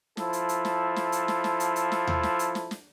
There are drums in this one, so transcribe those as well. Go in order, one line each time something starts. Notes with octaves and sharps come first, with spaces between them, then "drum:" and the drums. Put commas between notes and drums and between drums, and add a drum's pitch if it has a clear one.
F3 E4 A4, drum: snare
drum: hi-hat
drum: hi-hat
drum: snare
drum: snare
drum: hi-hat
drum: snare
drum: snare
drum: hi-hat
drum: hi-hat
drum: snare
drum: tom D#2
drum: snare
drum: hi-hat
drum: snare
drum: snare